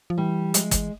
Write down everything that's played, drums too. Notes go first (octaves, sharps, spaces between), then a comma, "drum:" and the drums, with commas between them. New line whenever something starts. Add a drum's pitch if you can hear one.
F3
E3 G3
F3 G#3, drum: hi-hat
E3, drum: kick G1, hi-hat